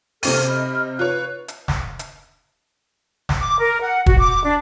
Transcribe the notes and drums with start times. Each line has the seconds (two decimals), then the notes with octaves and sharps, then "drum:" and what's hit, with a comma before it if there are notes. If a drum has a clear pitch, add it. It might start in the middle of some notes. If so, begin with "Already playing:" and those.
0.23 C3 C4 A4 F6 D#7, drum: open hi-hat
0.47 D#5 B5 F6
0.99 F4 B4 C#5 F#6
1.48 drum: hi-hat
1.68 drum: snare
1.99 drum: hi-hat
3.29 drum: snare
3.40 D6
3.60 A#4
3.82 F#5
4.06 F#4, drum: kick
4.19 D6
4.44 D4